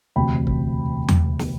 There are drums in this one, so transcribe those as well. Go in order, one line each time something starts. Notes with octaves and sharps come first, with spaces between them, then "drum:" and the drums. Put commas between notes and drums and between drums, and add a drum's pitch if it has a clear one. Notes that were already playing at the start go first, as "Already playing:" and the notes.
E1 D2 C3 G5 B5
drum: kick C#1
drum: tom E2
drum: snare